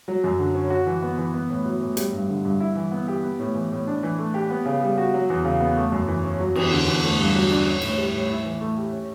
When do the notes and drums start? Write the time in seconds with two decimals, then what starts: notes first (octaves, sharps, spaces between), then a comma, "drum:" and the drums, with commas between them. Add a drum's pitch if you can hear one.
0.08 F#3
0.24 F#2
0.39 D3
0.55 C#4
0.70 F#4
0.86 E3
1.02 B3
1.18 E3
1.34 B3
1.50 A2
1.65 F#3
1.81 A2
1.97 G3, drum: hi-hat
2.12 G2
2.29 D3
2.45 G2
2.60 E4
2.76 E3
2.91 B3
3.08 G4
3.24 B3
3.39 A2
3.55 E3
3.72 A2
3.87 D4
4.03 E3
4.18 A3
4.34 G4
4.50 B3
4.66 C#3
4.81 G3
4.98 F#4
5.14 F#3
5.30 E2
5.45 C#3
5.61 B3
5.77 A3
5.92 F#2
6.08 E3
6.24 C#4
6.40 F#3
6.55 E2, drum: cymbal
6.71 D3
6.86 E2
7.03 A3
7.18 G2
7.35 F#3
7.51 D4
7.66 C#4
7.81 A2, drum: cymbal
7.98 G3
8.13 A2
8.29 E4
8.45 E3
8.61 A3
8.77 G4
8.93 C#4